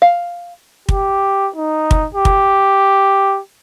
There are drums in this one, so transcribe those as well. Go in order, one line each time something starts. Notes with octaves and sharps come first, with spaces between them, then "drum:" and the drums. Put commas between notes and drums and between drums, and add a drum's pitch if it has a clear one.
F5
G4, drum: kick
D#4
drum: kick
G4
drum: kick